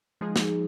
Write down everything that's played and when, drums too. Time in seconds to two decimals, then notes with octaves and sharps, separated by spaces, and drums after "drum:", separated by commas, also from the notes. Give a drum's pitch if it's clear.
0.21 F3 G#3 D#4 G#4
0.36 drum: snare